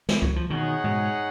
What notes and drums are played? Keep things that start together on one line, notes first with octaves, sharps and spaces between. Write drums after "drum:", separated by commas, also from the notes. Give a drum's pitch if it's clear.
G#3, drum: snare
F#3, drum: kick C#2
F3
B2 D#3 D#4 G#4 C#5 F#5
G#2 B2